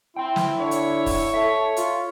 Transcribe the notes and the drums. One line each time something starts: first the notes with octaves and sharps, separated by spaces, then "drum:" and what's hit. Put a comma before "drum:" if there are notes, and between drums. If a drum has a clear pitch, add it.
C4 E4 G5
drum: snare
D3 C#5
drum: hi-hat
drum: kick, open hi-hat
A4 E5
F4, drum: hi-hat